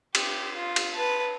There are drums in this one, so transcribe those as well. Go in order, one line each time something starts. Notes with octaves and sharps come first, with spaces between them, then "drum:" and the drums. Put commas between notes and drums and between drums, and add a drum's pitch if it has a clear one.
G4, drum: cymbal
F4
drum: cymbal
B4 A5